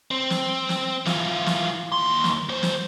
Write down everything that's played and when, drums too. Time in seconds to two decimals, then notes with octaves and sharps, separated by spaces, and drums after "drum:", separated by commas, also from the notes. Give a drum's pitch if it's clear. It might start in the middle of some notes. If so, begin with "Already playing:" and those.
0.11 C4
0.30 drum: snare
0.69 drum: snare
1.06 E3 F4, drum: snare
1.46 drum: snare
1.92 D#2 C6
2.24 drum: snare
2.49 D#2 C5
2.63 drum: snare